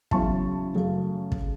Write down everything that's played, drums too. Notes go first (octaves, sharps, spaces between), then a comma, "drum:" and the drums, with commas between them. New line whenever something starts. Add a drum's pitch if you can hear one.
E2 C#3 F#3 C#4 E4 A5 C#6, drum: kick
F#2 C#3 A3
drum: kick